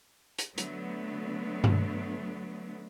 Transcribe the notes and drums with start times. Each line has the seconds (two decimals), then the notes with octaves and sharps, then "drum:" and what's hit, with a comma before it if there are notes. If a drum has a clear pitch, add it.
0.38 drum: hi-hat
0.58 D3 F#3 A3 B3, drum: hi-hat
1.64 drum: tom G2